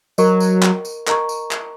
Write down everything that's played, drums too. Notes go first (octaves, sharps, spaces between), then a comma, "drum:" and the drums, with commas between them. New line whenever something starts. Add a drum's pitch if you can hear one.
F#3 A#4 D#5 A#5 C#6, drum: tambourine
drum: tambourine
drum: clap
drum: tambourine
A#4 D#5 A#5 C#6, drum: clap
drum: tambourine
drum: clap